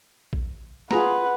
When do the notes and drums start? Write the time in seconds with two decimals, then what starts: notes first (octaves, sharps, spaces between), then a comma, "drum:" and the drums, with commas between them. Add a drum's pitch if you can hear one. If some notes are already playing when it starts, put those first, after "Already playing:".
0.33 drum: kick
0.91 F4 G#4 B4 F#5 A#5, drum: snare